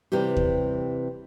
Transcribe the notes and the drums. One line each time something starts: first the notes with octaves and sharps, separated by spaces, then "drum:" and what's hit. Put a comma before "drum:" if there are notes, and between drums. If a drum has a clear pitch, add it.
C3 E3 G3 G4
drum: kick D#2